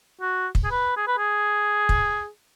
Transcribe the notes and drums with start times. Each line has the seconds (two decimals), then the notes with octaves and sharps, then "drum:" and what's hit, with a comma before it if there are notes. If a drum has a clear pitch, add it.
0.21 F#4
0.55 drum: kick
0.65 G#4
0.71 B4
0.97 G#4
1.08 B4
1.18 G#4
1.89 drum: kick